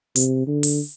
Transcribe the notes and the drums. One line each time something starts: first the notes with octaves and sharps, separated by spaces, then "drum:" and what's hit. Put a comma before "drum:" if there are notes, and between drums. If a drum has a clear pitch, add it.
C3, drum: hi-hat
D3
drum: open hi-hat